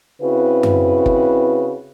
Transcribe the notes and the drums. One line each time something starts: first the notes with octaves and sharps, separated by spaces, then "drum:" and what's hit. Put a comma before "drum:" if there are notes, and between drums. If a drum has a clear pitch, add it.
C#3 C4 E4 F#4 B4
drum: tom F#2
drum: kick